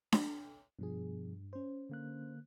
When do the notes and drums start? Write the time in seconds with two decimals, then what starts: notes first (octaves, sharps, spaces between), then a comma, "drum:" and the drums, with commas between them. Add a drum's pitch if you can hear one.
0.12 drum: snare D4
0.79 G2 B2 F3 G#4
1.53 C#4 C5
1.89 D3 A#3 F#6